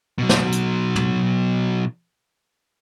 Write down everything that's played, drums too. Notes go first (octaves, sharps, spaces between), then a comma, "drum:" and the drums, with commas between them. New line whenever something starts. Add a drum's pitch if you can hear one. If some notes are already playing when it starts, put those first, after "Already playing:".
B2 F#3
drum: snare
drum: hi-hat
drum: tom